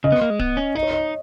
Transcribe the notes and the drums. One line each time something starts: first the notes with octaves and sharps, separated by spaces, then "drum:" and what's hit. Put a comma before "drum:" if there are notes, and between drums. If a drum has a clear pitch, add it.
C#3 D#5
B3
A#3
G#3
B3, drum: kick D1
C#4
D#4 D#5
C#5
D#5